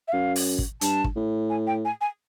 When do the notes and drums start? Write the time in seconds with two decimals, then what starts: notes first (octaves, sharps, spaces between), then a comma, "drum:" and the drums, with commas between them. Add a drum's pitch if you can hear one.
0.08 E5
0.12 F#2 F5
0.36 drum: open hi-hat
0.59 drum: kick
0.81 G2 A5, drum: hi-hat
1.04 drum: kick
1.16 A2
1.50 G#5
1.67 G5
1.85 G#5
2.01 G#5